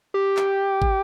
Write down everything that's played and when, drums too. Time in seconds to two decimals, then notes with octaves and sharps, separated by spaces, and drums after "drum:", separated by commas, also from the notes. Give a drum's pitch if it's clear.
0.14 G4
0.37 drum: clap
0.82 drum: kick